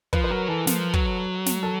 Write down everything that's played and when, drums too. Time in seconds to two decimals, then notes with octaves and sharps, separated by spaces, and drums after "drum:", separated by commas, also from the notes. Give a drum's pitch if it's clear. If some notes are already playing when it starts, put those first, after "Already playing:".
0.13 F3 B4, drum: kick
0.24 B4
0.30 F#3 A#4
0.48 E3 A4
0.67 F3, drum: snare
0.94 F#3, drum: kick
1.46 drum: snare
1.63 A4